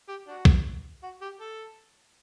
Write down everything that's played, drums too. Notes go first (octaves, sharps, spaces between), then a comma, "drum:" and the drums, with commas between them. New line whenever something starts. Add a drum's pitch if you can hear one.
G4
D4 F#4
drum: kick B1
F#4
G4
A4